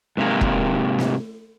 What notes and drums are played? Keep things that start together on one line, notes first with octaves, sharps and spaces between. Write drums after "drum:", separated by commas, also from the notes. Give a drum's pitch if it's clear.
G#2 C3 A#3
drum: kick E1
drum: snare